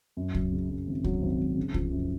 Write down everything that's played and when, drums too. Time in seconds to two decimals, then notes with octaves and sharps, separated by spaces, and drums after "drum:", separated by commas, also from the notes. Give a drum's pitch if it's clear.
0.17 F#2
0.34 F#3, drum: kick C2
0.52 C#3
0.70 F#2
0.87 G#1
1.04 F#3, drum: kick C2
1.22 G#1
1.40 G#1
1.57 C#3
1.74 F3, drum: kick C2
1.92 F#2